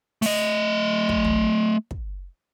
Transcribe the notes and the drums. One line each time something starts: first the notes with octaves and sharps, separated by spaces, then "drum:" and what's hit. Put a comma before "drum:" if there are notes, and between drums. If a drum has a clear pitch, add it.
A3 D#5, drum: open hi-hat
drum: kick
drum: tom
drum: kick